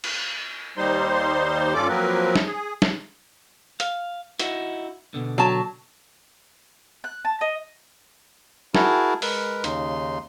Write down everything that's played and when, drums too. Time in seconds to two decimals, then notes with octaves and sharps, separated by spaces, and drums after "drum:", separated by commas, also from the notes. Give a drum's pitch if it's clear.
0.04 drum: cymbal
0.77 D#2 G3 D#4 C5 C6
1.74 G2 C#4 F4 A4 D5 D6
1.88 F3 F#3 A#3 C4 A#4 B4
2.35 drum: snare
2.46 G#4
2.82 drum: snare
3.80 F5, drum: hi-hat
4.40 D#4 E4 F#4, drum: hi-hat
5.14 B2 D3
5.38 F#3 A5
7.04 F#6
7.25 A5
7.41 D#5
8.74 E4 F#4 G#4 A#4 G#5 A5, drum: snare
9.22 G#3 A#4 B4, drum: open hi-hat
9.64 D#2 C#3 D#4 C6, drum: hi-hat